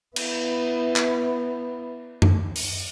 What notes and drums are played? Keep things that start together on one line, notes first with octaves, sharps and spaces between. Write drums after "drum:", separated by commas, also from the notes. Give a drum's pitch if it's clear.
B3 E4, drum: cymbal
drum: clap
drum: tom F#2
drum: open hi-hat